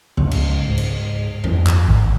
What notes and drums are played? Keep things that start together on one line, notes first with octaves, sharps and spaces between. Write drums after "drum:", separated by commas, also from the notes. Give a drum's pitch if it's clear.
C#2, drum: tom G#2
drum: cymbal
G#2
drum: cymbal
F2, drum: tom G2
drum: clap
G#1